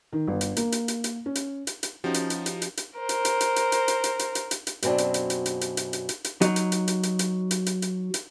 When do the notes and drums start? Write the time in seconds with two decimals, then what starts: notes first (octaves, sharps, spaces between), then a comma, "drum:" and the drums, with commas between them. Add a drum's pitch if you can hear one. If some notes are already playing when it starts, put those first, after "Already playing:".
0.13 D#3
0.28 G1
0.41 drum: hi-hat
0.57 A#3, drum: hi-hat
0.72 drum: hi-hat
0.88 drum: hi-hat
1.04 drum: hi-hat
1.26 C#4
1.35 drum: hi-hat
1.67 drum: hi-hat
1.83 drum: hi-hat
2.04 F3 C#4 D#4 F#4 G4
2.14 drum: hi-hat
2.30 drum: hi-hat
2.46 drum: hi-hat
2.62 drum: hi-hat
2.77 drum: hi-hat
2.99 A#4 C5
3.09 drum: hi-hat
3.25 drum: hi-hat
3.41 drum: hi-hat
3.56 drum: hi-hat
3.72 drum: hi-hat
3.88 drum: hi-hat
4.04 drum: hi-hat
4.19 drum: hi-hat
4.35 drum: hi-hat
4.51 drum: hi-hat
4.67 drum: hi-hat
4.82 F#2 B2 A#3 C4 D4, drum: hi-hat
4.98 drum: hi-hat
5.14 drum: hi-hat
5.30 drum: hi-hat
5.46 drum: hi-hat
5.61 drum: hi-hat
5.77 drum: hi-hat
5.93 drum: hi-hat
6.09 drum: hi-hat
6.24 drum: hi-hat
6.41 F#3 D#4, drum: hi-hat
6.56 drum: hi-hat
6.72 drum: hi-hat
6.88 drum: hi-hat
7.03 drum: hi-hat
7.19 drum: hi-hat
7.51 drum: hi-hat
7.66 drum: hi-hat
7.82 drum: hi-hat
8.14 drum: hi-hat